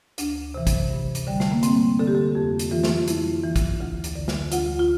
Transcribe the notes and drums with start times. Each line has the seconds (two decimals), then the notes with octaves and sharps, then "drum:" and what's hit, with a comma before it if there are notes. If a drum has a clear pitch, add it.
0.18 D2 D4, drum: hi-hat
0.54 C3 E3
0.67 drum: kick, hi-hat
0.90 G2
1.15 drum: hi-hat
1.27 D3 G3
1.40 A3, drum: snare
1.52 A#3
1.63 G2 C4, drum: hi-hat
1.99 D3 A4
2.07 G4
2.15 A4
2.35 F2 G4
2.59 drum: hi-hat
2.71 E3 F4
2.83 drum: snare
3.08 F2 E4, drum: hi-hat
3.43 E3
3.56 drum: kick, hi-hat
3.80 D2
4.04 drum: hi-hat
4.15 D3
4.28 drum: snare
4.52 D2 F4, drum: hi-hat
4.79 F4